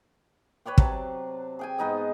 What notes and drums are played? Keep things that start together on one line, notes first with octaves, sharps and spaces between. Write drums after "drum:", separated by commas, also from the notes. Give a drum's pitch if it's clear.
B4 C#5 D5 G5
C3 F#3 A5, drum: kick
G#4 G5 G#5
G#2 B3 D#4 D#5